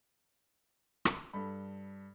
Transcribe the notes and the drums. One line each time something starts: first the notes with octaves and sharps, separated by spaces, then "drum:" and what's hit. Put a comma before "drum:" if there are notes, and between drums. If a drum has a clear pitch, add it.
drum: rim click
G2 A4 B5